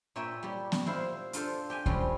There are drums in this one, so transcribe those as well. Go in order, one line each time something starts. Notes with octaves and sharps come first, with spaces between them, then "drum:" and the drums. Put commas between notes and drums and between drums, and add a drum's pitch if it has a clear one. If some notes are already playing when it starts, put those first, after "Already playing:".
A#2 C#5 E5 G5 B5
G3 G4
drum: snare B3
E4 C5 F5
D4 F4 A4 C5, drum: hi-hat
G4 G5 G#5
A2 F3 G3 C4 C#4 C5, drum: kick D2